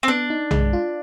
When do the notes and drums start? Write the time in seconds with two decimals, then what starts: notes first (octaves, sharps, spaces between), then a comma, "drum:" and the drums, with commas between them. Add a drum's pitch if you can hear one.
0.03 C4
0.08 B3 D4
0.30 D#4
0.51 G#3, drum: tom B1
0.73 F4